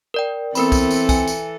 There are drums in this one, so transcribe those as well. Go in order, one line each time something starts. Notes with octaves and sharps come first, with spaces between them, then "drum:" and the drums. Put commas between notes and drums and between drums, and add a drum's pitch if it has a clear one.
A#4 D5 G5
E3 B3 C4 A4 A#4 B5, drum: tambourine
drum: kick B1, tambourine
drum: tambourine
G#5, drum: kick B1, tambourine
drum: tambourine